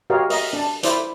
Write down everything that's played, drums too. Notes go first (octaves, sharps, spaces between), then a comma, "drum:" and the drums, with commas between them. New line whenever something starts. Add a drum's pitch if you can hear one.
F#4 G4 A#4 C#5 D#5 F5
A#4 D#5 E5, drum: open hi-hat
D4 A5
E4 C5 D5, drum: hi-hat